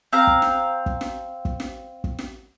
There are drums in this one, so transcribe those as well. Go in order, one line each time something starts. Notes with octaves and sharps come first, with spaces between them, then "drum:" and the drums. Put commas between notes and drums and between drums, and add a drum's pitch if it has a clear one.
C4 F5 A#5
drum: kick
drum: snare
drum: kick
drum: snare
drum: kick
drum: snare
drum: kick
drum: snare